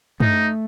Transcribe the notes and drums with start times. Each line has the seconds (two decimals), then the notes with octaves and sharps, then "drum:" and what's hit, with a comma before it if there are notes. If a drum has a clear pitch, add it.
0.20 A3 D#4, drum: tom